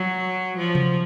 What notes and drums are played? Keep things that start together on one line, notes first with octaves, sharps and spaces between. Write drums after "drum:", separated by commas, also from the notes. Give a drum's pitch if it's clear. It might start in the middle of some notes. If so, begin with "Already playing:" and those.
Already playing: F#3
F3
drum: tom C3